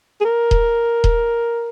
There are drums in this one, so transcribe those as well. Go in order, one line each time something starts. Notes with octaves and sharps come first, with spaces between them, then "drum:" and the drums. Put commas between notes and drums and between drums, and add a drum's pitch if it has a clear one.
G#4
A#4
drum: kick D#1
drum: kick D#1